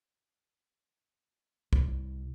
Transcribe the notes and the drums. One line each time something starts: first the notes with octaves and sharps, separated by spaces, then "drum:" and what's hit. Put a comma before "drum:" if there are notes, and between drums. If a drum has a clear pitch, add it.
C2, drum: kick